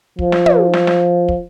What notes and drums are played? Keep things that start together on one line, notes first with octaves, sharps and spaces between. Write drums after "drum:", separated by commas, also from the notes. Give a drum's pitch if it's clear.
F3, drum: kick
drum: snare
drum: tom
drum: snare
drum: snare
drum: kick